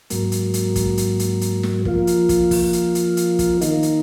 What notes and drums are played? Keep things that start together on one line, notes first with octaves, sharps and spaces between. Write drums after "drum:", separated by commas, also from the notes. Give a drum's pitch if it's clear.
G#2 F#3 A#3, drum: hi-hat
drum: hi-hat
drum: hi-hat
drum: kick, hi-hat
drum: hi-hat
drum: hi-hat
drum: hi-hat
drum: snare
F3 A#3 F4, drum: kick
drum: hi-hat
drum: kick, hi-hat
drum: kick, open hi-hat
drum: hi-hat
drum: hi-hat
drum: hi-hat
drum: kick, hi-hat
D#3 A#3 D#4, drum: hi-hat
drum: hi-hat